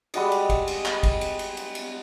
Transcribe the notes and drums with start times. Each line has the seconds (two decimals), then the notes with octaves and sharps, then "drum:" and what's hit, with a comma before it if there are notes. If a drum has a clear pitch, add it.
0.14 G3 G#3 F#4 D#5, drum: cymbal
0.32 drum: cymbal
0.50 drum: kick, cymbal
0.67 drum: cymbal
0.85 drum: clap
1.03 drum: kick, cymbal
1.21 drum: cymbal
1.39 drum: cymbal
1.57 drum: cymbal
1.75 drum: cymbal